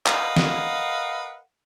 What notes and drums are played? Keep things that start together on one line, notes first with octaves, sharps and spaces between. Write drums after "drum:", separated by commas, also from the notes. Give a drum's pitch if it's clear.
A#4 B4 D#5 F5 F#5, drum: clap
drum: snare